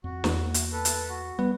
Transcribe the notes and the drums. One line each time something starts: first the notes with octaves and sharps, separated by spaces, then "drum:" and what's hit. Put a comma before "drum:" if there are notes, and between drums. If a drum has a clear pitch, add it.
F2 F#4
E2 A#3, drum: snare
drum: hi-hat
A4 B4
drum: hi-hat
F#4
G3 B3